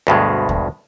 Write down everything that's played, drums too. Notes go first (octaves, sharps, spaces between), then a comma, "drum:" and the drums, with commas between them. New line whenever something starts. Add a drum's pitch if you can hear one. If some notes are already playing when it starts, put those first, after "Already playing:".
D2 G2 B2 G#3
drum: kick D#2